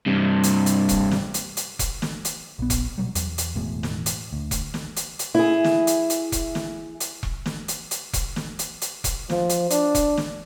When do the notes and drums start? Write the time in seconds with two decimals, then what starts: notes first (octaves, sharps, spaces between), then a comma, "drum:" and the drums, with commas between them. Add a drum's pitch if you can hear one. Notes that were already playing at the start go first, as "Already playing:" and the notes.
0.06 G2 C3
0.43 drum: hi-hat
0.66 drum: hi-hat
0.89 drum: kick E1, hi-hat
1.11 drum: snare
1.34 drum: hi-hat
1.57 drum: hi-hat
1.79 drum: kick E1, hi-hat
2.02 drum: snare
2.25 drum: hi-hat
2.59 A#1 B3
2.70 drum: kick E1, hi-hat
2.98 B2 F#3 G3
3.15 E2, drum: hi-hat
3.38 drum: hi-hat
3.56 E1 E2 A2 G#3
3.83 drum: snare
4.06 drum: hi-hat
4.33 D2
4.51 drum: kick E1, hi-hat
4.74 drum: snare
4.96 drum: hi-hat
5.19 drum: hi-hat
5.35 E4 G#4
5.64 drum: snare
5.87 drum: hi-hat
6.10 drum: hi-hat
6.32 drum: kick E1, hi-hat
6.55 drum: snare
7.00 drum: hi-hat
7.23 drum: kick E1
7.46 drum: snare
7.68 drum: hi-hat
7.91 drum: hi-hat
8.14 drum: kick E1, hi-hat
8.36 drum: snare
8.59 drum: hi-hat
8.81 drum: hi-hat
9.04 drum: kick E1, hi-hat
9.30 F3, drum: snare
9.49 drum: hi-hat
9.70 D4, drum: hi-hat
9.95 drum: kick E1, hi-hat
10.17 drum: snare